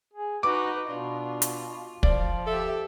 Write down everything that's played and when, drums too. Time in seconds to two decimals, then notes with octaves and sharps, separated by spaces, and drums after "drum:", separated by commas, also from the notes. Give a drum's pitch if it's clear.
0.14 G#4
0.43 D#4 F#4 B4 D6
0.89 B2 D4 F4
1.42 drum: hi-hat
2.03 F3 D5 F5, drum: kick
2.47 G4 A4 E5